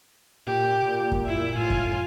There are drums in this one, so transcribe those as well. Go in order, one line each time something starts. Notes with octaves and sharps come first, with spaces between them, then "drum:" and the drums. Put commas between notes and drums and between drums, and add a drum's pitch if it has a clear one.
A#2 G4
A#2
drum: kick F#2
E4 E5
A2 F4 G#5
drum: kick F#2